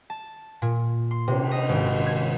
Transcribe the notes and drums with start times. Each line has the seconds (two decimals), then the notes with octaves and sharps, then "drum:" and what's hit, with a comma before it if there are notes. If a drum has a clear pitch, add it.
0.10 A5
0.62 A#2
1.11 C6
1.28 C3, drum: cymbal
1.51 D#5
1.69 G#1
2.07 G#6